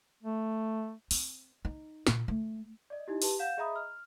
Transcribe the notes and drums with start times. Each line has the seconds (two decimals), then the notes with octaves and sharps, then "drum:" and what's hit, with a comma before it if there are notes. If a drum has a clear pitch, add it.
0.23 A3
1.11 C4, drum: open hi-hat
1.65 D#4
2.07 A#2, drum: snare
2.28 A3
2.90 D5 D#5
3.07 D#4 E4 G4 D#5
3.22 G4 B4 A5, drum: open hi-hat
3.39 F5 F#5 G6 E7
3.58 G#4 D#5 E5 A#5 B5 D#6
3.76 F6